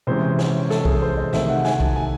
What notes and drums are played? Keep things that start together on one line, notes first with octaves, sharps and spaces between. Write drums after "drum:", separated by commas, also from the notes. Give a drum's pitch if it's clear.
C3 E3 G#3 C#4 C5
C#5, drum: snare
A4, drum: snare
G#4, drum: kick B1
C5
D#5
C3 D#3 A3 E5, drum: snare
F#5
G#5, drum: snare
A5, drum: kick B1
G#5